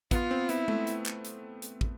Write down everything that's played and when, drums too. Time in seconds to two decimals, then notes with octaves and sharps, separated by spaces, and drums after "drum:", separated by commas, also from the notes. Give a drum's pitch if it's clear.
0.11 B3 F4, drum: kick, hi-hat
0.31 C4
0.49 B3 E4, drum: hi-hat
0.68 A3, drum: tom G#3
0.87 drum: hi-hat
1.06 drum: clap
1.25 drum: hi-hat
1.62 drum: hi-hat
1.81 drum: kick